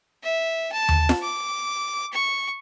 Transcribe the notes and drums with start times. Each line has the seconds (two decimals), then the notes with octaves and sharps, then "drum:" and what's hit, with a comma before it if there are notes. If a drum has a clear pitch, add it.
0.23 E5
0.72 A5
0.89 drum: tom D#2
1.09 drum: snare F4
1.22 D6
2.13 C#6